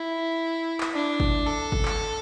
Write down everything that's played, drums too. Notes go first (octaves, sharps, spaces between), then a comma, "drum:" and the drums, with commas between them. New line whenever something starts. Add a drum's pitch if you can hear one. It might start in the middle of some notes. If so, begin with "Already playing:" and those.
Already playing: E4
drum: clap
D4
drum: kick G#1
A4
drum: kick G#1
drum: clap